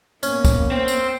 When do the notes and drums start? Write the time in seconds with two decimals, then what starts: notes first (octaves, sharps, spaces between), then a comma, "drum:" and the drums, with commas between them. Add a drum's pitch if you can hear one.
0.23 A#3 B3 C#4, drum: tambourine
0.45 drum: kick, tambourine
0.71 C4
0.88 drum: tambourine